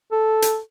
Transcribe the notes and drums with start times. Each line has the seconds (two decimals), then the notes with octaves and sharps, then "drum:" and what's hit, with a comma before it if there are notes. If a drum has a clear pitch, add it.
0.12 A4
0.42 drum: hi-hat